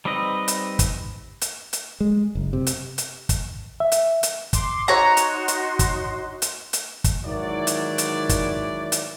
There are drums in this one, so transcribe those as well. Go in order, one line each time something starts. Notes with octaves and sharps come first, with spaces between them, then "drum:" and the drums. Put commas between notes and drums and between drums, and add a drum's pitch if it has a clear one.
G3 C4 D#4 B4 D#5
drum: hi-hat
drum: kick, hi-hat
drum: hi-hat
drum: hi-hat
G#3
F#1
C3
drum: hi-hat
drum: hi-hat
drum: kick, hi-hat
E5
drum: hi-hat
drum: hi-hat
C6 D6, drum: kick, hi-hat
D#4 F#4 C#5 A#5 C6
drum: hi-hat
drum: hi-hat
drum: kick, hi-hat
drum: hi-hat
drum: hi-hat
drum: kick, hi-hat
G#2 D#3 E3 F#3 E4 D5
drum: hi-hat
drum: hi-hat
drum: kick, hi-hat
drum: hi-hat